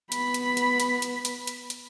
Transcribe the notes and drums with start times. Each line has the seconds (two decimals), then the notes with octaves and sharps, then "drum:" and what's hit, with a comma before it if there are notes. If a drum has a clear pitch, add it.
0.12 B3 B5, drum: hi-hat
0.34 drum: hi-hat
0.57 drum: hi-hat
0.80 drum: hi-hat
1.02 drum: hi-hat
1.25 drum: hi-hat
1.47 drum: hi-hat
1.70 drum: hi-hat